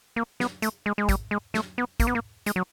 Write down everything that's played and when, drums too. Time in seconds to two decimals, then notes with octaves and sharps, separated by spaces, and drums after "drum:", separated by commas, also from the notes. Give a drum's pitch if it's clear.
0.16 A#3
0.40 B3, drum: snare
0.62 A3, drum: hi-hat
0.86 G#3
0.98 G#3
1.09 G3, drum: kick, hi-hat
1.31 G#3
1.54 A3, drum: snare
1.78 B3
2.00 A#3, drum: kick, hi-hat
2.07 B3
2.15 A#3
2.46 G#3, drum: hi-hat
2.56 F#3